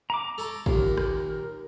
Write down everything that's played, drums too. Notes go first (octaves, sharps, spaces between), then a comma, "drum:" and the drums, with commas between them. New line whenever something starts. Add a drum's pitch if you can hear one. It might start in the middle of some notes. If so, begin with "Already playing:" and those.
A#5 D6
A4 C#5
D#2 A#2 A#4, drum: kick
drum: rim click